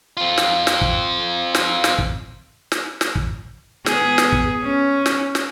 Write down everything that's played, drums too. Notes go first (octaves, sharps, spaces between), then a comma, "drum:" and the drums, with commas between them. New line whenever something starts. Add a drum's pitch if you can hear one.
C4 F4
drum: snare
drum: snare
drum: kick
drum: snare
drum: snare
drum: kick
drum: snare
drum: snare
drum: kick
B3 G#4, drum: snare
drum: snare
drum: kick
C#4
drum: snare
drum: snare